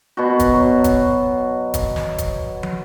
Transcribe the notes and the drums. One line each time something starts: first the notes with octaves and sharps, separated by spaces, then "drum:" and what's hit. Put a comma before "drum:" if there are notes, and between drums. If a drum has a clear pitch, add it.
B2 F#4
drum: kick, hi-hat
F#3
drum: kick, hi-hat
drum: kick, hi-hat
drum: snare
drum: kick, hi-hat
drum: tom